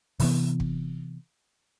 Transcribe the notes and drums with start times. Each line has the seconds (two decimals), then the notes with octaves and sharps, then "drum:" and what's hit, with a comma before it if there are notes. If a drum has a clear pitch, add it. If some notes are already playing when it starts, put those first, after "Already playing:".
0.20 C3 E3 B3, drum: open hi-hat
0.60 drum: kick